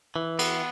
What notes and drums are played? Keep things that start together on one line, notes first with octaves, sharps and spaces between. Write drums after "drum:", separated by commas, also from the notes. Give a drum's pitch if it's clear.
E3
B3, drum: cymbal